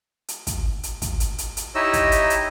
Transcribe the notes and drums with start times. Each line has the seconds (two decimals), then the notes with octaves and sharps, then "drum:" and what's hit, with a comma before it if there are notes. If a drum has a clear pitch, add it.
0.28 drum: hi-hat
0.47 drum: kick, hi-hat
0.83 drum: hi-hat
1.02 drum: kick, hi-hat
1.20 drum: hi-hat
1.38 drum: hi-hat
1.57 drum: hi-hat
1.75 D#4 E4 G4 C#5 D#5 E6
1.93 drum: kick, hi-hat
2.12 drum: hi-hat
2.30 drum: hi-hat